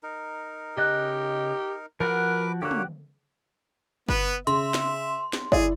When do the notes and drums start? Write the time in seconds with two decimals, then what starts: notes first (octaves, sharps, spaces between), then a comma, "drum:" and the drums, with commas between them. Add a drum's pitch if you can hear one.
0.03 D#4 A#4
0.77 C#3 G4 D#5 F#6
2.00 F3 F#4 A#4 B4 F#5 D6
2.62 D3 A#3 F#4 G4 C#5
2.71 drum: tom
4.09 B3 B4, drum: kick G1
4.47 C#3 E5 C6, drum: hi-hat
4.74 drum: snare
5.33 drum: snare
5.52 E4 G#4 D5, drum: kick G1